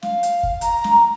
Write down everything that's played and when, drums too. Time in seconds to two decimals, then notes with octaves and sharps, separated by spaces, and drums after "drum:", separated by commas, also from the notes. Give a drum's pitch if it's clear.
0.02 F5, drum: snare
0.23 drum: hi-hat
0.43 drum: kick
0.61 A#5, drum: hi-hat
0.84 drum: snare